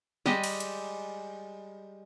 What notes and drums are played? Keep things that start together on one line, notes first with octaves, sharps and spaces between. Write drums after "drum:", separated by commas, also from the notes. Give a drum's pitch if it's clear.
G3 G#3 G4 D#5, drum: snare
drum: cymbal
drum: hi-hat